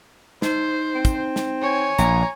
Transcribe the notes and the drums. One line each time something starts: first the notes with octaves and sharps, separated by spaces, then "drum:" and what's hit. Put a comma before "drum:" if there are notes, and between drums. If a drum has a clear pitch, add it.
D#4 C5, drum: snare
C4
drum: kick, hi-hat
drum: snare
C#5 G#5
A#1 A#5, drum: hi-hat